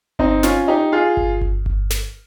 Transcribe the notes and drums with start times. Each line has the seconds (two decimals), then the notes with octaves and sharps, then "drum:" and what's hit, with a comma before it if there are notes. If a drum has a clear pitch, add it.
0.19 C4 D#4, drum: kick G1
0.43 C#4 F4, drum: snare
0.68 D#4 G4
0.92 F4 G#4
1.17 drum: kick G1
1.41 drum: kick G1
1.66 drum: kick G1
1.90 drum: snare